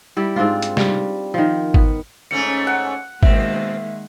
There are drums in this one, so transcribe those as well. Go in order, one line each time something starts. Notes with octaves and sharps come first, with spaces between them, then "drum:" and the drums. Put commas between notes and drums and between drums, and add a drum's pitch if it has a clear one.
G3 E4 G4
G#2 C4 D4 F4
drum: hi-hat
G3, drum: snare
D#3 F3
B3, drum: kick G#1
G#2 A3 C#4 C#7
F#5
B2 D#3 G#3 A#3 C4 E5, drum: kick G#1